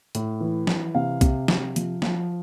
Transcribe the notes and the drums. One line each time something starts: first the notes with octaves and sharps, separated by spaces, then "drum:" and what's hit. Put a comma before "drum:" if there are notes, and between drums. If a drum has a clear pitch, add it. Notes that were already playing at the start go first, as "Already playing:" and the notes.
A2, drum: hi-hat
E3
E3, drum: snare
C3 F5
C3, drum: kick B1, hi-hat
C3, drum: snare
F3, drum: hi-hat
F3, drum: snare